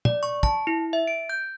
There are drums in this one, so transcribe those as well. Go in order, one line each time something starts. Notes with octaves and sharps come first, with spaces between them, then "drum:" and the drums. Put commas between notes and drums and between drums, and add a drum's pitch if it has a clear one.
D5, drum: tom
C#6
A5, drum: kick
E4
E5
D7
G6